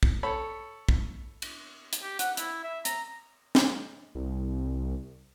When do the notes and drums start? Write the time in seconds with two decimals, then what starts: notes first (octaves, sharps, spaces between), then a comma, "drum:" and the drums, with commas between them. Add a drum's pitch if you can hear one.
0.03 drum: kick
0.23 A4 C#5 B5
0.89 drum: kick
1.42 drum: cymbal
1.93 drum: hi-hat
2.03 G4
2.19 F#5, drum: hi-hat
2.37 E4, drum: hi-hat
2.64 E5
2.85 A#5, drum: hi-hat
3.55 drum: snare
4.15 C2